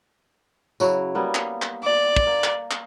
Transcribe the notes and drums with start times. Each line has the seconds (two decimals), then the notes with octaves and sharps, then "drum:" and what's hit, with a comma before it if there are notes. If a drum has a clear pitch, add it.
0.80 C#3 F#3 E4, drum: tambourine
1.15 G3 A#3 B3
1.35 drum: clap
1.62 drum: clap
1.83 D5
2.16 drum: kick
2.27 A#3
2.44 drum: clap
2.71 drum: clap